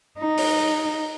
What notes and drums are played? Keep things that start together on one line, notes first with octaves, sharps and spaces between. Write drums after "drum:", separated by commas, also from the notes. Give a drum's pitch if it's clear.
D#4
drum: open hi-hat